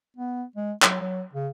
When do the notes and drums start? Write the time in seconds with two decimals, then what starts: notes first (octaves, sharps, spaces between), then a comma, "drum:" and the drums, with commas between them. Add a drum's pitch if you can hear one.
0.17 B3
0.56 G#3
0.82 F#3, drum: clap
1.01 F#3
1.33 C#3